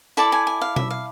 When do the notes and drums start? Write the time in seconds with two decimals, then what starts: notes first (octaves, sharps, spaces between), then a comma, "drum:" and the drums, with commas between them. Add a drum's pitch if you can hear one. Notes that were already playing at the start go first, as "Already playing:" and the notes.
0.17 E4 A4 D5 A5, drum: tambourine
0.32 G#5
0.47 G#5
0.61 F5
0.76 E5, drum: tom B2
0.90 F5